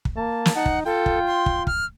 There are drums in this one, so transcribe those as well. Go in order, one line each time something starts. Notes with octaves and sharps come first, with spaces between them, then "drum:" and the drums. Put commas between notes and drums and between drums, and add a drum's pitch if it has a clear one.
drum: kick
A#3 A5
drum: snare
D#4 F#5
drum: kick
F4 A4 G5
drum: kick
C6
drum: kick
F6, drum: kick